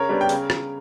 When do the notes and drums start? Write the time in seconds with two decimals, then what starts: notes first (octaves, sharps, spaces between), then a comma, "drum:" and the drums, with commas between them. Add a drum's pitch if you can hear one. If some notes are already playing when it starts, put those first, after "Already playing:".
Already playing: C#3 A#4 C#5
0.09 G3 B3 D4
0.21 G5
0.29 C#3, drum: open hi-hat
0.50 drum: rim click